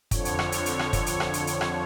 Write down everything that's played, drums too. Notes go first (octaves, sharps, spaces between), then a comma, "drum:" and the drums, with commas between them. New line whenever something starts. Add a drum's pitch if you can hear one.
F2 D3 F3 C#5, drum: kick, hi-hat
drum: hi-hat
drum: rim click
drum: hi-hat
drum: hi-hat
drum: rim click
drum: kick, hi-hat
drum: hi-hat
drum: rim click
drum: hi-hat
drum: hi-hat
drum: rim click